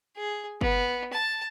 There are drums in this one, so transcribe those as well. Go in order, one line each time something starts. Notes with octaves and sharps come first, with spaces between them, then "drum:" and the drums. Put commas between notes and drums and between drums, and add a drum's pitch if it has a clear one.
G#4
B3, drum: kick F#1
A5